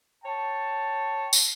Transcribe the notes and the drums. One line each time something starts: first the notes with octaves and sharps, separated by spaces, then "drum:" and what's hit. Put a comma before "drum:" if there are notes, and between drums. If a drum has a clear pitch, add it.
C#5 G5 A5
drum: tambourine